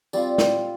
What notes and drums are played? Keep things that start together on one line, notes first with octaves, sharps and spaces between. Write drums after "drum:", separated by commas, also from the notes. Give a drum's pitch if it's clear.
G3 C4 F4 D5, drum: tambourine
drum: snare